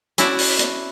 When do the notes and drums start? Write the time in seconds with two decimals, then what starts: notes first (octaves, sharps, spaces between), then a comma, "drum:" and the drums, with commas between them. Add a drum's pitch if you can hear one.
0.18 C#4 E4 F#4 D5 F#5 A5, drum: hi-hat
0.39 drum: open hi-hat
0.59 drum: hi-hat